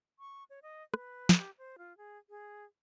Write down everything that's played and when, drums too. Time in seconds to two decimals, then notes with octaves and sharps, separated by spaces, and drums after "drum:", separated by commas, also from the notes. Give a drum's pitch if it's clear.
0.19 C#6
0.50 C#5
0.63 D#5
0.94 B4, drum: rim click
1.29 drum: snare
1.39 G4
1.58 C5
1.78 F4
1.97 G#4
2.30 G#4